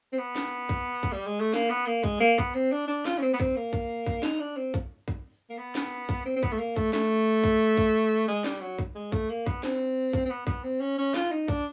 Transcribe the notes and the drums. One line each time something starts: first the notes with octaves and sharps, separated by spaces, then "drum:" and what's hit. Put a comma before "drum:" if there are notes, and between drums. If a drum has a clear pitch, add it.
C4
B3
drum: snare
drum: kick
drum: kick
G3
G#3
A3
A#3, drum: snare
B3
A#3
G#3, drum: kick
A#3
B3, drum: kick
C4
D4
D4
F4, drum: snare
C#4
C4
B3
C4, drum: kick
A#3
drum: kick
drum: kick
D#4, drum: snare
D4
C4
drum: kick
drum: kick
A#3
B3
drum: snare
drum: kick
C4
C4
B3, drum: kick
A3
A#3
A3, drum: kick
A3, drum: snare
drum: kick
drum: kick
G#3
G3, drum: snare
F#3
drum: kick
G#3
A3, drum: kick
A#3
B3, drum: kick
C4, drum: snare
drum: kick
C4
B3
B3, drum: kick
C4
C#4
C#4
F4, drum: snare
D#4
D4, drum: kick